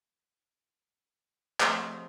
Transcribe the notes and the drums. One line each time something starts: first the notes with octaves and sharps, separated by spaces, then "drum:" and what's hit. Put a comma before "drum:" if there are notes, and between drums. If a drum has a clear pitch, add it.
C3 F3 A3 G#4 C#5 D#5, drum: clap